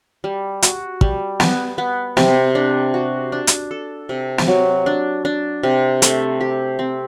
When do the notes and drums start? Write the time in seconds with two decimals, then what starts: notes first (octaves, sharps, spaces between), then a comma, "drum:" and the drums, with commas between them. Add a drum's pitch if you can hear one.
0.24 G3
0.62 F#4, drum: hi-hat
1.01 G3, drum: kick
1.40 B3, drum: snare
1.78 B3
2.17 C3, drum: snare
2.55 D4
2.94 F#4
3.32 D4
3.47 drum: hi-hat
3.71 A4
4.09 C3
4.38 drum: snare
4.48 F#3
4.86 D4
5.25 D4
5.63 C3
6.02 A3, drum: hi-hat
6.41 G4
6.79 C4